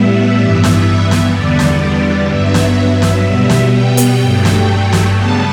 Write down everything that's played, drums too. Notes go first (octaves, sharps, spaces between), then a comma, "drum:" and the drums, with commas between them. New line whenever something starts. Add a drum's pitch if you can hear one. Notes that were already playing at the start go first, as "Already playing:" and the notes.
Already playing: A2 G3 B3 E5
G2 E3 B3
drum: snare
drum: snare
E2 D3 G3 B3 D5
drum: snare
G2 F#3 B3 E5
drum: snare
drum: snare
B2 G3 B3
drum: snare
G5
drum: hi-hat
G2 F#3 A3
drum: snare
drum: snare
C#3 G3 B3 A5